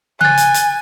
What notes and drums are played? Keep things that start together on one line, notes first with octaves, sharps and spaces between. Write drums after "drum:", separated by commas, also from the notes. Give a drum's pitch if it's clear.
G#5 F#6 A6, drum: tom C#3
drum: hi-hat
drum: hi-hat